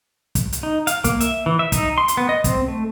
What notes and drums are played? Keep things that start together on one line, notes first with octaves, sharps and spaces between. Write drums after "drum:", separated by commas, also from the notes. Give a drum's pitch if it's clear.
drum: kick, hi-hat
drum: hi-hat
D#4
F5, drum: hi-hat
A#3, drum: kick, hi-hat
E5, drum: hi-hat
E3
E5
D#4, drum: kick, hi-hat
C6
drum: hi-hat
B3
D#5
C4, drum: kick, hi-hat
A3